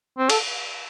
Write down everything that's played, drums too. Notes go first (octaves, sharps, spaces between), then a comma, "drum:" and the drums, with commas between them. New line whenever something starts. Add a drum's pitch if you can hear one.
C4
A4, drum: cymbal